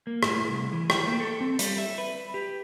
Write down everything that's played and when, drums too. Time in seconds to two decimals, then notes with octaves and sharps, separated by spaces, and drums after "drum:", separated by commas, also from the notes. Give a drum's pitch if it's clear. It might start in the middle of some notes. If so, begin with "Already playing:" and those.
0.07 A#3
0.23 A2, drum: rim click
0.49 C2
0.73 E3
0.90 G5, drum: rim click
1.07 A#3
1.20 A4
1.41 C4
1.59 G3, drum: hi-hat
1.78 E5
1.98 B4
2.34 G4